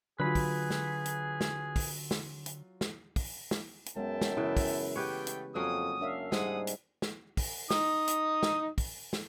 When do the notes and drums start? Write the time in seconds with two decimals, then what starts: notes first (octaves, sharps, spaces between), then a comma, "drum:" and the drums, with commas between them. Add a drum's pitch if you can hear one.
0.20 D3 F#3 F4 G#4 B4 B5
0.35 drum: kick, open hi-hat
0.70 drum: snare
1.06 drum: hi-hat
1.41 drum: snare
1.76 drum: kick, open hi-hat
2.11 drum: snare
2.46 drum: hi-hat
2.81 drum: snare
3.16 drum: kick, open hi-hat
3.51 drum: snare
3.86 drum: hi-hat
3.97 F#2 G#3 B3 E5 G5 A5
4.21 drum: snare
4.37 C#3 E3 E4
4.57 drum: kick, open hi-hat
4.96 A3 B3 G4 B4 C#5 G5
5.27 drum: hi-hat
5.55 F2 F#3 A#3 C#4 D#6
6.01 F#2 D4 E5 F5
6.32 G#2 G3 G#3 G#4 F#5 D#6, drum: snare
6.67 drum: hi-hat
7.02 drum: snare
7.37 drum: kick, open hi-hat
7.70 D#4 D#6, drum: snare
8.08 drum: hi-hat
8.43 drum: snare
8.78 drum: kick, open hi-hat
9.13 drum: snare